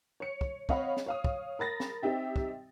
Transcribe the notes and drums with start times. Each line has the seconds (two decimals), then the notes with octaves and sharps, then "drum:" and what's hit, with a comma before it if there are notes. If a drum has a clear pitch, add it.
0.20 C#5 C#7
0.41 drum: kick
0.69 C4 C#5 D#5 F5 F#5 B5, drum: kick
0.97 drum: snare
1.06 C#5 F5 D#6
1.24 drum: kick
1.59 A#4 B5 A6 A#6
1.80 drum: snare
2.03 C4 D#4 G4 E5 G5
2.36 drum: kick